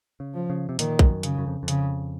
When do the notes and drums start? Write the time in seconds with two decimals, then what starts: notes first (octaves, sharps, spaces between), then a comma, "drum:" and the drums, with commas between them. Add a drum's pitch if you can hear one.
0.20 C#3
0.34 F3
0.50 C#3
0.69 C3
0.79 A#2 D#3, drum: hi-hat
0.99 G#2, drum: kick A#1
1.09 F#2
1.23 C#3, drum: hi-hat
1.38 F#2
1.47 F2
1.63 F2
1.68 C#3, drum: hi-hat